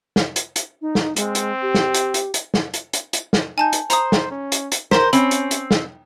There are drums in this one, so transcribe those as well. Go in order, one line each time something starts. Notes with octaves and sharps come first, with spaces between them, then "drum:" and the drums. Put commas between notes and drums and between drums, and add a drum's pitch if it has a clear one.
drum: snare
drum: hi-hat
drum: hi-hat
D#4
drum: snare
G#3 C4, drum: hi-hat
drum: hi-hat
G4
drum: snare
drum: hi-hat
drum: hi-hat
drum: hi-hat
drum: snare
drum: hi-hat
drum: hi-hat
drum: hi-hat
drum: snare
D#4 G#5 A5 G6
drum: hi-hat
C5 A#5 D#6, drum: hi-hat
drum: snare
C#4
drum: hi-hat
drum: hi-hat
A#4 C5 C6 B6, drum: snare
C4 C#4 B5, drum: hi-hat
drum: hi-hat
drum: hi-hat
drum: snare